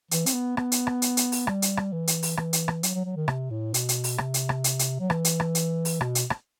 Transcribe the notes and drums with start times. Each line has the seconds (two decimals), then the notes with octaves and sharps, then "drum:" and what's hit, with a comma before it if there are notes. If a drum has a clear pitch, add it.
0.11 E3, drum: hi-hat
0.26 C4, drum: hi-hat
0.33 B3
0.57 B3, drum: rim click
0.72 drum: hi-hat
0.87 drum: rim click
1.02 drum: hi-hat
1.17 drum: hi-hat
1.32 drum: open hi-hat
1.47 G3, drum: rim click
1.62 drum: hi-hat
1.77 drum: rim click
1.93 E3
2.07 drum: hi-hat
2.23 drum: open hi-hat
2.37 E3, drum: rim click
2.53 drum: hi-hat
2.68 drum: rim click
2.83 F#3, drum: hi-hat
2.95 F#3
3.06 F#3
3.17 D#3
3.28 C3, drum: rim click
3.51 A2
3.74 B2, drum: hi-hat
3.89 drum: hi-hat
4.04 drum: open hi-hat
4.18 C3, drum: rim click
4.34 drum: hi-hat
4.49 drum: rim click
4.64 drum: hi-hat
4.79 drum: hi-hat
5.00 F#3
5.10 E3, drum: rim click
5.25 drum: hi-hat
5.40 drum: rim click
5.55 drum: hi-hat
5.85 drum: open hi-hat
6.01 B2, drum: rim click
6.15 drum: hi-hat
6.30 drum: rim click